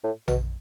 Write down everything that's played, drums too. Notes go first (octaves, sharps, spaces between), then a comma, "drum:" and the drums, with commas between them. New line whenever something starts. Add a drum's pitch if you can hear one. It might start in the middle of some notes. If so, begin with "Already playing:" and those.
A2
B2, drum: tom A#1